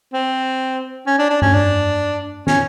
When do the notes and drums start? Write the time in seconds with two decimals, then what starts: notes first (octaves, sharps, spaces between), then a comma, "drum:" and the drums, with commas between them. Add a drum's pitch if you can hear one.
0.13 C4
1.06 C#4
1.18 D4
1.30 D4
1.42 C#4, drum: tom G2
1.53 D4
2.47 C#4, drum: snare